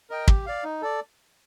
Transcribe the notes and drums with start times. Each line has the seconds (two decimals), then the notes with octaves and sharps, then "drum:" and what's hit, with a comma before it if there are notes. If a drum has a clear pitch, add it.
0.10 A#4 D#5 G5
0.28 G4, drum: kick
0.46 D5 F5
0.64 D#4
0.82 A4 D5